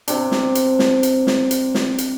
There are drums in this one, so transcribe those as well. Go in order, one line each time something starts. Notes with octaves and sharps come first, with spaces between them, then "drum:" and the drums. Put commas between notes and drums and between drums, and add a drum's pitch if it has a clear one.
C3 D4, drum: hi-hat
drum: snare
drum: hi-hat
drum: snare
drum: hi-hat
drum: snare
drum: hi-hat
drum: snare
drum: hi-hat